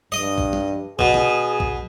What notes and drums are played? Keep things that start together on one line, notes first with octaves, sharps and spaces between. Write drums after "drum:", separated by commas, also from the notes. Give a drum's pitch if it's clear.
G2 D#5
drum: kick
drum: tom
B2 G#4, drum: kick
drum: tom B2
drum: kick